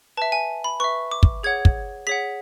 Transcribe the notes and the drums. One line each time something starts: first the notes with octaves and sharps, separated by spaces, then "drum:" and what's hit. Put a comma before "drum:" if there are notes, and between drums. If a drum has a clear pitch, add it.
B4 E5 A5
G#5
B5
B4 E5 C#6
D6
drum: kick
G#4 C#5 F#5 G#6
drum: kick
G#4 C#5 F#5 B6